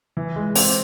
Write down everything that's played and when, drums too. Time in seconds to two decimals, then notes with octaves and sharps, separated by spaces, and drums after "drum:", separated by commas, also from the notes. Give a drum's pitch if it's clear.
0.17 E3
0.36 G#3
0.55 C4, drum: open hi-hat